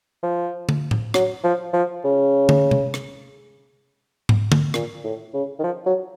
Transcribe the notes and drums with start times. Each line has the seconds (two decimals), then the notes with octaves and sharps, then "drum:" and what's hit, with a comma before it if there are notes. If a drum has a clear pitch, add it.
0.23 F3
0.69 drum: tom
0.91 drum: tom A2
1.14 F#3, drum: rim click
1.44 F3
1.73 F3
2.04 C#3
2.49 drum: tom
2.71 drum: tom C3
2.94 drum: rim click
4.29 drum: tom
4.52 drum: tom
4.74 A#2, drum: rim click
5.04 A2
5.34 C#3
5.59 D#3
5.64 F3
5.86 F#3